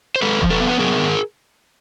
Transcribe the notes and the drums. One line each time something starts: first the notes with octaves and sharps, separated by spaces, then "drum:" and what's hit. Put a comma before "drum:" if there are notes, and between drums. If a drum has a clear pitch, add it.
C5
G#3 A4 B4
F3, drum: kick E1
A4 B4
B3
B4
F#3 G#4 A#4
D#3